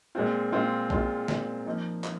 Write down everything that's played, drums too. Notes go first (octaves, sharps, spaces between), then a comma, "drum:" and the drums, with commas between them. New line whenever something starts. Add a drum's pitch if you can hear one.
A#2 G#3 C4 F4
A#2 G#3 C4 F4
A#2 G#3 C4 F4, drum: kick A#1
A#2 G#3 C4 F4, drum: snare
F3 A#3 D#4
F3, drum: clap